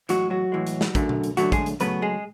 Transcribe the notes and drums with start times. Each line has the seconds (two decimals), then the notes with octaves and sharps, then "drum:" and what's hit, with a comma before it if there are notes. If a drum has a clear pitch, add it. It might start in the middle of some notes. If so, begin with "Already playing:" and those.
0.09 A2 E3 F#3 G#3 F#4, drum: hi-hat
0.30 F#3 F#4
0.52 A2 E3 G#3
0.67 drum: hi-hat
0.81 drum: snare
0.95 F#2 D3 A3, drum: kick, hi-hat
1.09 drum: tom B2
1.24 drum: hi-hat
1.37 F#2 D3 F#3 A3 F#4, drum: hi-hat
1.52 G#3 G#4, drum: kick, hi-hat
1.66 drum: hi-hat
1.80 F#2 C#3 F#3 A3 B3 B4, drum: hi-hat
2.02 G#3 G#4